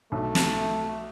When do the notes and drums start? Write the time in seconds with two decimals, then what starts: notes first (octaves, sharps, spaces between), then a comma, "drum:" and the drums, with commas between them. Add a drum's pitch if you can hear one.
0.12 B1 A3
0.35 drum: snare